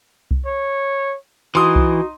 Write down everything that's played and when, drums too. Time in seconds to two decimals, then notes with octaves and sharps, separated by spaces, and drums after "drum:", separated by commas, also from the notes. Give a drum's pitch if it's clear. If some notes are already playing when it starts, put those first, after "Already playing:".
0.31 drum: kick C2
0.46 C#5
1.55 E3 D#4 F#4 C6 D#6
1.76 drum: kick C2